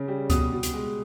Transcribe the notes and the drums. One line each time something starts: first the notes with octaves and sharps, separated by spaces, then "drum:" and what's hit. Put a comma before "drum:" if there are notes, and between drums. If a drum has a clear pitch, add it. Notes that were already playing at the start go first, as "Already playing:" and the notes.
Already playing: C#3 C#4
G3
B2 D#6, drum: kick C#2, hi-hat
B2
drum: hi-hat
G#3